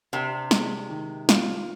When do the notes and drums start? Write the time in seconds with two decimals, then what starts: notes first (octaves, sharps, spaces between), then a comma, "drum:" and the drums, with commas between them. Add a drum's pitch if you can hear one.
0.13 C3 D4
0.51 G#3, drum: snare
0.89 D#3
1.29 F4, drum: snare